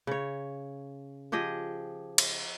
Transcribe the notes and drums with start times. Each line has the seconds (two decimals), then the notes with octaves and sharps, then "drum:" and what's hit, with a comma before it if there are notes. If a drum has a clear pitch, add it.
0.07 C#3 C#5
1.32 F3 G4 G#4 D#5
2.18 drum: cymbal